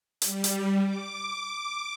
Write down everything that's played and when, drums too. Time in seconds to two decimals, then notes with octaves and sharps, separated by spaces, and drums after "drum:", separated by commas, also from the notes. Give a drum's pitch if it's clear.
0.22 G3, drum: hi-hat
0.44 drum: hi-hat
0.85 D6